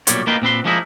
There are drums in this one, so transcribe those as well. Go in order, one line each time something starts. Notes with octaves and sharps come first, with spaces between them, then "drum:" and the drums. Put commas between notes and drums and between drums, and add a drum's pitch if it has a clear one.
B1 A#2 G3 C#5, drum: hi-hat
A#3 B3 D#4 F4 B4 G5
A#2 C4 B4 C6
F3 G#3 A#3 D#4 E4